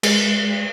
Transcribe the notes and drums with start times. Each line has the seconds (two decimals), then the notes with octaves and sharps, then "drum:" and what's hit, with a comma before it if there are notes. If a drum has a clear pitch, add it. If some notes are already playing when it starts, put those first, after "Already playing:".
0.03 G#3, drum: cymbal